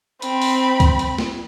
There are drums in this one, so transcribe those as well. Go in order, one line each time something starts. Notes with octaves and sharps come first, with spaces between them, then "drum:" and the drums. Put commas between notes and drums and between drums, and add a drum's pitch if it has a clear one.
C4 B5, drum: hi-hat
drum: open hi-hat
drum: kick C#2, hi-hat
drum: hi-hat
drum: snare